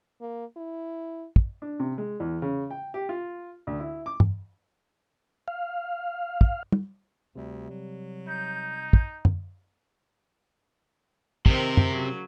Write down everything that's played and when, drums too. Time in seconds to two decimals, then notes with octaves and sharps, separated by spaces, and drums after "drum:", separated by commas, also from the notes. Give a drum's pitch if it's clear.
0.21 A#3
0.57 E4
1.36 drum: kick
1.62 D4
1.80 C3
1.98 G#3
2.20 E2
2.42 C#3
2.71 G5
2.94 G4
3.09 F4
3.67 D2
3.80 E4
4.06 D6
4.20 drum: tom
5.48 F5
6.41 drum: kick
6.72 drum: tom
7.36 D2 C3 G3
7.70 F#3
8.28 D#4 G6
8.93 drum: kick
9.25 drum: tom F#2
11.46 C3 D#3 C4 A#4, drum: kick
11.77 drum: tom F#2
11.90 C#3 F#3